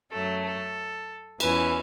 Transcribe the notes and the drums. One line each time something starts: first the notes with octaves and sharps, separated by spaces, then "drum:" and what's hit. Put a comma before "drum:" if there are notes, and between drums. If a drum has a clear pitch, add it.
F#2 F#3 A3 A4
A4
E2 E3 C#4 B4, drum: cymbal